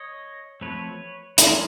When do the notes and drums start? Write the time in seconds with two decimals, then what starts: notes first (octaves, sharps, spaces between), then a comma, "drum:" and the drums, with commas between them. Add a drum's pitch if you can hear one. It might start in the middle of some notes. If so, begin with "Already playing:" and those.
Already playing: C#5 D#5
0.61 F3 A3 C4 B4 C#5
1.38 F3 G#3 C#4 E4 A#4 C5, drum: hi-hat